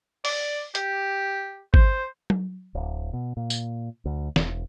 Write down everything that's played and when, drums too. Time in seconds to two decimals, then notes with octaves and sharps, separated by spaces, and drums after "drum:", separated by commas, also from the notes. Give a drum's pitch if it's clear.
0.25 D5, drum: open hi-hat
0.75 G4, drum: hi-hat
1.74 C5, drum: kick G#1
2.30 drum: tom F#3
2.75 D1
3.13 B2
3.37 A#2
3.50 drum: tambourine
4.05 D2
4.36 E1, drum: snare